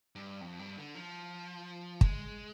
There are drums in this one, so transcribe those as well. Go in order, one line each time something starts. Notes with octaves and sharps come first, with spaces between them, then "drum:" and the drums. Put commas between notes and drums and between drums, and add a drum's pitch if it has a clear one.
G2
F2
G2
D3
F3
G#3, drum: kick